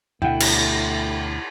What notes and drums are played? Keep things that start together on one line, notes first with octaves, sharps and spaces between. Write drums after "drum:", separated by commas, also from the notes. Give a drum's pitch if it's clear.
D2 B2 A3 E4 F#5 G5
drum: cymbal